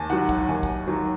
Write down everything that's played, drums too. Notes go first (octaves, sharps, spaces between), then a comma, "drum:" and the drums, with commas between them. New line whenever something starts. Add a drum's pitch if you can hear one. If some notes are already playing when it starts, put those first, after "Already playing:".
Already playing: D#2 G#5 A5
D#3 F#3 F#5
F#5, drum: kick
D#2 G#5
drum: kick
D#3 F#3